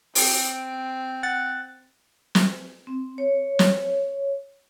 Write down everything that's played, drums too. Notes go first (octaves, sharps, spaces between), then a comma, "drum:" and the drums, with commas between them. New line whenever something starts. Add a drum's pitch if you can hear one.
C4 D7, drum: open hi-hat
F#5 A6
drum: snare
C4
C#5
drum: snare